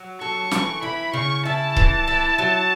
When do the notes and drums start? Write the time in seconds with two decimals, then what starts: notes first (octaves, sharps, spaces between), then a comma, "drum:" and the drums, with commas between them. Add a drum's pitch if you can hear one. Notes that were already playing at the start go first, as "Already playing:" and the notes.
Already playing: F#3
0.21 A4 C#6
0.51 E3, drum: snare
0.82 E4 B5
1.14 C#3 C#6
1.45 E4 A5
1.77 E3, drum: kick C#1
2.08 E4
2.38 F#3